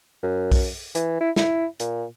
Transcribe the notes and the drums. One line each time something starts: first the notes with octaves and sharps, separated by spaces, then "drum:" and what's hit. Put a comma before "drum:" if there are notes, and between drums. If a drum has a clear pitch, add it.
F#2
drum: kick B1, open hi-hat
E3, drum: hi-hat
E4
E4, drum: snare
A#2, drum: hi-hat